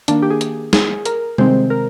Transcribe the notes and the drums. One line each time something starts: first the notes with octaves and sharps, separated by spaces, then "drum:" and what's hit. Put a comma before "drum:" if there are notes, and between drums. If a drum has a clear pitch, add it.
D#3 A#3 D4, drum: hi-hat
G4
G#4
drum: hi-hat
G#4, drum: snare
A#4, drum: hi-hat
C3 D#3 G#3 C4 C5, drum: tom G3
A#4